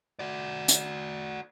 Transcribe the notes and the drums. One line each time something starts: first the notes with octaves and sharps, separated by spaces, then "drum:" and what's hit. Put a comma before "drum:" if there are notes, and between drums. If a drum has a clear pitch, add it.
F#4 D5
drum: hi-hat